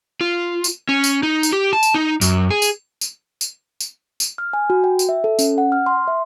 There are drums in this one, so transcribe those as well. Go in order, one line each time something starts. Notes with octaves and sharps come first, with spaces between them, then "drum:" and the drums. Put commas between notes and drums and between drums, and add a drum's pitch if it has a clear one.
F4
drum: tambourine
C#4
drum: tambourine
D#4
drum: tambourine
G4
A5
drum: tambourine
D#4
F#2, drum: tambourine
G#4
drum: tambourine
drum: tambourine
drum: tambourine
drum: tambourine
drum: tambourine
F6
G#5
F#4
G5
drum: tambourine
E5
A4
C#4, drum: tambourine
F#5
F6
C6
E5